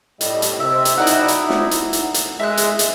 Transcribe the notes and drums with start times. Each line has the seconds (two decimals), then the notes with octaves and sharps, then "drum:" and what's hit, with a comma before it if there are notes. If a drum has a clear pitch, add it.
0.21 A2 G3 D#5, drum: hi-hat
0.42 drum: hi-hat
0.60 C3 E5
0.85 drum: hi-hat
0.97 D#4 E4 F#4 D5 F#5
1.07 drum: hi-hat
1.28 drum: hi-hat
1.50 drum: snare
1.71 drum: hi-hat
1.93 drum: hi-hat
2.14 drum: hi-hat
2.39 G#3 E5 F#6
2.57 drum: hi-hat
2.79 drum: hi-hat